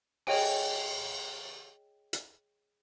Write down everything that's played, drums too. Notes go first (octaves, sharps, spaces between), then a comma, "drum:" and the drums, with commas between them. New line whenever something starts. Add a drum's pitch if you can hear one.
G#4 C#5 D#5 G5 G#5, drum: cymbal
drum: hi-hat